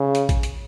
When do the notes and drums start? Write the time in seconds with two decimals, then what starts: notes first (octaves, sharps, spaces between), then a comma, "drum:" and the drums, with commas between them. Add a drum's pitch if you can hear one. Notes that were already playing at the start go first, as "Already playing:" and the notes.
Already playing: C#3
0.15 drum: hi-hat
0.29 drum: kick, hi-hat
0.43 drum: hi-hat